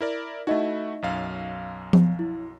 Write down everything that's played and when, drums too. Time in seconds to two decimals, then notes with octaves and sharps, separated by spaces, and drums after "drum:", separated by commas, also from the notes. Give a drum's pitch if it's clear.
0.01 E4 A#4 D5
0.47 A3 D#4 E4 F#4 D#5 E5
1.02 B1 F#2 F5
1.93 drum: tom F3
2.19 E4